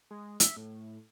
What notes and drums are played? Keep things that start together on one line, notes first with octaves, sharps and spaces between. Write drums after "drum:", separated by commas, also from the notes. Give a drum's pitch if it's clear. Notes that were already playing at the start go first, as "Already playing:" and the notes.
G#3
E5, drum: hi-hat
A2